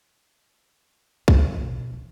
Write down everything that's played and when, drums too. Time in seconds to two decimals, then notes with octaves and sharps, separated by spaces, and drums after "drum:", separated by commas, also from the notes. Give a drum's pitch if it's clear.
1.28 C#3, drum: kick A#1
1.43 E2
1.61 B2
1.93 E3